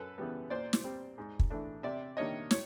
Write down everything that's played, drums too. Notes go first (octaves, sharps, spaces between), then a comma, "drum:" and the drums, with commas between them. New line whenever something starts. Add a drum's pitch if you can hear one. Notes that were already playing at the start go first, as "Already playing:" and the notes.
Already playing: F#2 A4 B4
C#3 E3 G3 B3
A#2 C5 D5
drum: snare
G3 C4
G#2
drum: kick
E3 A3 D4
C3 D5 E5
D#3 G3 A#3 D4 C#5 D#5
C#5, drum: snare